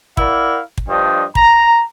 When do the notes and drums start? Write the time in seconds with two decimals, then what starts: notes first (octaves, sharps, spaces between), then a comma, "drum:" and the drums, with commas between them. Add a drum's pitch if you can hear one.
0.17 E4 A#4 D5 F5 F#5, drum: kick
0.78 drum: kick
0.87 G2 F3 D4 D#5 G5
1.35 A#5, drum: kick